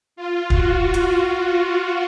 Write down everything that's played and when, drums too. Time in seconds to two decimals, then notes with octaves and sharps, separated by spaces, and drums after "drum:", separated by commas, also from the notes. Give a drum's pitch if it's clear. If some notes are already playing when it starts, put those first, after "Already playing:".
0.16 F4
0.50 F#4, drum: kick
0.94 drum: hi-hat